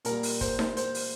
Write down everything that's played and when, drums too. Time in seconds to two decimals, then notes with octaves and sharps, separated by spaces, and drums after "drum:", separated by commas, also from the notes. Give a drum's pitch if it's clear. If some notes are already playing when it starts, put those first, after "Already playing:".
0.05 A#2 G3 A#4, drum: hi-hat
0.23 drum: open hi-hat
0.41 C5, drum: kick, hi-hat
0.59 drum: snare D#4
0.77 C5, drum: hi-hat
0.95 drum: open hi-hat